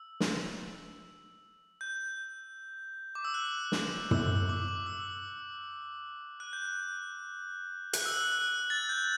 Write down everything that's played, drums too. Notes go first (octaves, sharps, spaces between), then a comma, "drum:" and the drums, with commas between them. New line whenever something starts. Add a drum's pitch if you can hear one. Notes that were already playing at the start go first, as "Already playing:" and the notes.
Already playing: E6
drum: snare
G6
D6
E6
F#6
drum: snare
E6, drum: tom
D6
D6
E6
F#6
G6
F#6
F#6, drum: hi-hat
E6
F#6
F#6
A6
G6